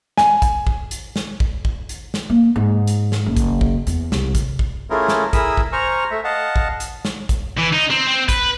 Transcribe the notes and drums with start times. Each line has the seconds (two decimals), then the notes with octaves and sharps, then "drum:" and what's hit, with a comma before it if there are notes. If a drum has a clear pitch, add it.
0.17 G#5, drum: snare
0.42 drum: kick A#1, hi-hat
0.67 drum: kick A#1
0.91 drum: hi-hat
1.16 drum: snare
1.40 drum: kick A#1
1.65 drum: kick A#1
1.89 drum: hi-hat
2.14 drum: snare
2.30 A#3
2.56 G#2
2.87 drum: hi-hat
3.12 drum: snare
3.26 F#1
3.37 drum: kick A#1, hi-hat
3.61 drum: kick A#1
3.87 E2, drum: hi-hat
4.12 C2, drum: snare
4.35 drum: kick A#1, hi-hat
4.59 drum: kick A#1
4.90 A3 C#4 E4 F4 G#4 A#4
5.08 drum: snare
5.33 E4 G#4 A#4 B5 D#6 E6, drum: kick A#1, hi-hat
5.57 drum: kick A#1
5.73 C5 G#5 A#5 C#6 F6
6.11 A3 E5
6.24 D#5 F5 F#5 A5
6.56 drum: kick A#1
6.80 drum: hi-hat
7.05 drum: snare
7.29 drum: kick A#1, hi-hat
7.58 E3
7.73 D#4
7.90 C4
8.07 C4
8.29 B4, drum: kick A#1, hi-hat